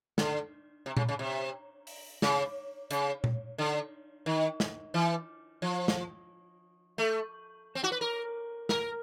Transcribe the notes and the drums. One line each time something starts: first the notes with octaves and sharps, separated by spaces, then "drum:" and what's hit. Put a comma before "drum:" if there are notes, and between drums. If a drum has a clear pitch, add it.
D3, drum: snare
C3
C#3, drum: tom A#2
C#3
C3
drum: open hi-hat
C#3, drum: snare
C#3, drum: hi-hat
drum: tom A#2
D3
D#3
drum: snare
E3
F3
drum: snare
A3
C4
F#4
B4
A#4
A#4, drum: snare